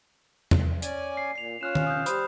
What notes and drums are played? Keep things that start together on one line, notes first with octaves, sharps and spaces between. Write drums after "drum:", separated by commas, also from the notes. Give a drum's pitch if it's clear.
drum: tom E2
C#4 D5 G#5, drum: hi-hat
C7
A#2 C7 F7
C#4 F4 F6 F#6 E7
drum: tom D#3
D#6 G6
G3 C5 B5 D#6 G6, drum: hi-hat